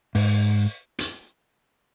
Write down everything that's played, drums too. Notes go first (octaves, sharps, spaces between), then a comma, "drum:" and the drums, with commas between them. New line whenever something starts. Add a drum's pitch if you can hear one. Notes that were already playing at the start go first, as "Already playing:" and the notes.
G#2, drum: open hi-hat
drum: hi-hat